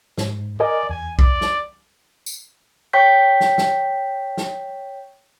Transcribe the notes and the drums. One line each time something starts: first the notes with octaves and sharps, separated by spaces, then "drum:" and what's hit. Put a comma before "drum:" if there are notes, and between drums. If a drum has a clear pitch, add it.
G#2, drum: snare
A#4 D5 D#5 G#5
E2 G#5
D5, drum: kick B1
drum: snare
drum: tambourine
C#5 G5 C#6 G6 B6
drum: snare
drum: snare
drum: snare